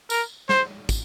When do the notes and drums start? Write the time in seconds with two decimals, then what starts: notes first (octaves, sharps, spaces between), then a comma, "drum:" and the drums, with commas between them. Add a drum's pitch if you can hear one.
0.10 A#4, drum: tambourine
0.49 C5, drum: snare
0.89 drum: kick, tambourine